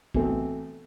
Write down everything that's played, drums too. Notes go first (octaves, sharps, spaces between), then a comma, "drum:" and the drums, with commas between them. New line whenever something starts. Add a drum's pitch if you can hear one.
B2 E3 A3 C4, drum: kick